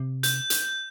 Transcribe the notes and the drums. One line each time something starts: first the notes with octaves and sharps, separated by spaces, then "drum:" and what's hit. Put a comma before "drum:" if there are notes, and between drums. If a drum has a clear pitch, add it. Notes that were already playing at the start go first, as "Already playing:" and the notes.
Already playing: C3
G6, drum: hi-hat
drum: hi-hat